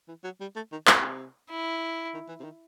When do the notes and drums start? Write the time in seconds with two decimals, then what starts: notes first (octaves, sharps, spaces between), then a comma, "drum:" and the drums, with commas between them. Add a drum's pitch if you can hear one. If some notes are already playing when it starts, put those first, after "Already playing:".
0.08 E3
0.24 F#3
0.41 G3
0.56 A3
0.72 D#3
0.87 C3, drum: clap
1.50 E4
2.14 D#3
2.28 E3
2.40 C3
2.44 D#3